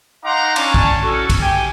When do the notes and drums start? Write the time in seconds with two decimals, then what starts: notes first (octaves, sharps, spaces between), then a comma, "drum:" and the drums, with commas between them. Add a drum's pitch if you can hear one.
0.25 D#4 F5 F#5 A#5 C6 D6
0.56 C#4 D4 A5, drum: cymbal
0.74 drum: kick A#1
1.01 C#4 F#4 A4
1.30 drum: kick A#1, cymbal
1.41 G4 G5 G#5